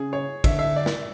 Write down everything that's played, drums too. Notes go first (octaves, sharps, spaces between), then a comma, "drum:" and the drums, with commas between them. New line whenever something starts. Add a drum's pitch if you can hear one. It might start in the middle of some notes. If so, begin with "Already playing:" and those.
Already playing: C#3 G#4
C#5
D3 E5, drum: kick G#1, cymbal
E5
D5
drum: snare